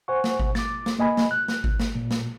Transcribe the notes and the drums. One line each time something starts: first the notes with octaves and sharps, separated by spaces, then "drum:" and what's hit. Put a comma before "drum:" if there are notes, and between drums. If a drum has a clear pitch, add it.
C5 F#5 G#5 C#6
drum: snare
drum: kick G#1
D6 A6, drum: snare
drum: snare
A#3 D#5 G#5 B5
drum: snare
F#6
drum: snare
drum: kick G#1
drum: snare
A#2
drum: snare